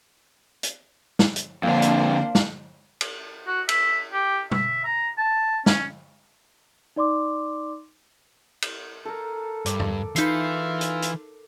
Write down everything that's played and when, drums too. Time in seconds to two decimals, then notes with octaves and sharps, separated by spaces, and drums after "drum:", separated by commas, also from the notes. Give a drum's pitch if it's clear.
0.63 drum: hi-hat
1.19 drum: snare
1.36 drum: hi-hat
1.63 F2 D3 A#3 D4 C5 F5
1.82 drum: hi-hat
2.35 drum: snare
3.01 drum: cymbal
3.47 F#4
3.69 E5, drum: cymbal
4.13 G4
4.51 E5, drum: tom
4.85 A#5
5.18 A5
5.66 C#4, drum: snare
6.96 D#4 D5 C6 D6
8.62 drum: cymbal
9.05 A4 A#4
9.66 G2 D6, drum: hi-hat
9.80 drum: tom E2
10.16 E3 D#4 F4 B4 E5 C7, drum: hi-hat
10.81 drum: hi-hat
11.02 drum: hi-hat